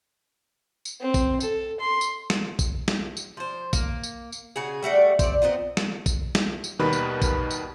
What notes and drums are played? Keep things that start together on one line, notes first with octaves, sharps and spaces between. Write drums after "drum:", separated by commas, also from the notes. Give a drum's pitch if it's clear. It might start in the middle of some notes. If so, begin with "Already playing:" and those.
drum: tambourine
C4
drum: kick, tambourine
A4, drum: tambourine
C6
drum: tambourine
drum: snare
drum: kick, tambourine
drum: snare
drum: tambourine
F3 C5
A#3, drum: kick, tambourine
drum: tambourine
drum: tambourine
C#3 F#4 G#4
G3 A3 F#4 D5
C4 D5, drum: kick, tambourine
B3 C4 D#4 F4
drum: snare
drum: kick, tambourine
drum: snare
drum: tambourine
D#2 B2 D#3 G3 B4 B5
drum: tambourine
drum: kick, tambourine
drum: tambourine